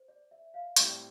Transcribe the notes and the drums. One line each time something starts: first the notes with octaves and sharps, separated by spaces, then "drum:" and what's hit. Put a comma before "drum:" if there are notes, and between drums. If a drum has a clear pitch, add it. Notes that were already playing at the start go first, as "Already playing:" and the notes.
Already playing: C5
D5
E5
F5
A2 G3 C4 G4 C5 A5, drum: hi-hat